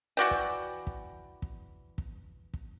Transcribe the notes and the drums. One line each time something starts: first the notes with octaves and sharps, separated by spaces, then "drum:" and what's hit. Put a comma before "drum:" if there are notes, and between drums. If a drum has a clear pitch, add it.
E3 F#4 D5 G5
drum: kick
drum: kick
drum: kick
drum: kick
drum: kick